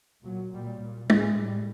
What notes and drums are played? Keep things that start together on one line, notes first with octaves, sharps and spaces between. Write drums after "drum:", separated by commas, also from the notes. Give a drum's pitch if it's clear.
A#2 F#3
A#2 G3
A#2
A2 G#3, drum: tom
A2 G3